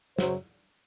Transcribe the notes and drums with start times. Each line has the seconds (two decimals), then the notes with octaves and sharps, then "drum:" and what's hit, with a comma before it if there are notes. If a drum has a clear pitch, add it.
0.19 F#2 C#3 F#3 C5, drum: snare